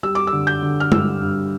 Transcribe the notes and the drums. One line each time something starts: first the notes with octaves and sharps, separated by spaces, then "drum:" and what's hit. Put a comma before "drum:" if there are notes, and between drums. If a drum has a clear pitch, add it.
G3 E6
D6
E6
D3
G6
D3
F6
G2 E6, drum: tom G#3
G2